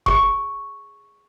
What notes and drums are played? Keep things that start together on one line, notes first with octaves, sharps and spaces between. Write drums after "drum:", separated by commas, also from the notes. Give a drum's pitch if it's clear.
G#4 C#6, drum: kick F1